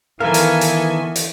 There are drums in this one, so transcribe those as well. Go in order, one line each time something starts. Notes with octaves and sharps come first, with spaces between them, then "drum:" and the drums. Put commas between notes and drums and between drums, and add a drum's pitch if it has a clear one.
D#3 E3 B3 A4 A#4 F5 G#5
drum: hi-hat
drum: hi-hat
drum: hi-hat